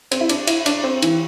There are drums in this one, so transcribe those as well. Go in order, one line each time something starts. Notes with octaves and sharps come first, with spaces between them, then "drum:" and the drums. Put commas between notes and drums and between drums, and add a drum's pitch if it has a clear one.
C4, drum: cymbal
E4
D4, drum: cymbal
E4, drum: cymbal
D4, drum: cymbal
C4
E3, drum: cymbal